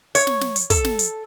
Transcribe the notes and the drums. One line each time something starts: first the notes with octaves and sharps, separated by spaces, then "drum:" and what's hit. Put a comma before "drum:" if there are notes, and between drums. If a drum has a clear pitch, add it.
C#5, drum: hi-hat
drum: snare
drum: snare
drum: hi-hat
A4, drum: kick, hi-hat
drum: snare
drum: hi-hat